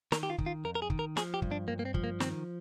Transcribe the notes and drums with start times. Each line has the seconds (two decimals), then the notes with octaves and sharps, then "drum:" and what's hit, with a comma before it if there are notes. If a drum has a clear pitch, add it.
0.12 D#3 A#4, drum: snare
0.23 G4
0.30 F4
0.38 D#3, drum: kick
0.46 F4
0.65 F2 A#4
0.75 A#4
0.82 G#4
0.90 D#3, drum: kick
0.99 A#4
1.17 F3 G#4, drum: snare
1.34 G4
1.42 G2, drum: kick
1.51 D4
1.68 G2 A#3
1.79 A#3
1.85 C4
1.94 F3, drum: kick
2.04 A#3
2.20 D#3 C4, drum: snare